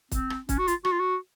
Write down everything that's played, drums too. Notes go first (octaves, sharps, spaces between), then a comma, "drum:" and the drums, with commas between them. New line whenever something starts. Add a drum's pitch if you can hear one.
C4, drum: kick, hi-hat
drum: rim click
C#4, drum: kick, hi-hat
F#4
F4, drum: hi-hat
F#4, drum: rim click
F4
F#4